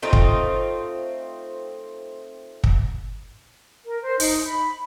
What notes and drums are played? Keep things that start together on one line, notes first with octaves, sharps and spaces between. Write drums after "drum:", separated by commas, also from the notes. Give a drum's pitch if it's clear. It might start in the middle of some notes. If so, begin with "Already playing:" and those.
A3 C4 D#4 F4
drum: kick
drum: kick
A#4
C5
D#4, drum: open hi-hat
B5